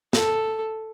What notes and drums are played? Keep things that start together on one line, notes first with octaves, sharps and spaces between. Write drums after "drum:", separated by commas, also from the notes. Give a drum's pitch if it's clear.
A4, drum: snare